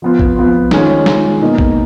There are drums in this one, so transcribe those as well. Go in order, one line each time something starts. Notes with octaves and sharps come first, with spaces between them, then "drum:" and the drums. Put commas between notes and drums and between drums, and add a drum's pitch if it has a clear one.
F3 B3 F4
drum: kick A#1
F3 B3 F4
D#3 G#3 C#4 F4, drum: snare
D#3 G#3 C#4 F4, drum: snare
B2 A#3 D#4
drum: kick A#1